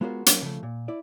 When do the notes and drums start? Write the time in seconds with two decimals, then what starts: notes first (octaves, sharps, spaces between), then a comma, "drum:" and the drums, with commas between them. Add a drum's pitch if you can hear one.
0.01 G#3 B3 F4 F#4 A#4 C5
0.26 F#3 A#3 C#4, drum: hi-hat
0.42 C#3 F3 A3
0.63 A#2
0.88 E4 D5